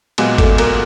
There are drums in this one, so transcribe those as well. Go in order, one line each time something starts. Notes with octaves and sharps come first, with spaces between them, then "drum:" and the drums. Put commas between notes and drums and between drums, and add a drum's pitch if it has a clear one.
A#2 F#3 G#3 B3 G#4, drum: cymbal
A3 A4, drum: kick, cymbal
A#3 A#4, drum: cymbal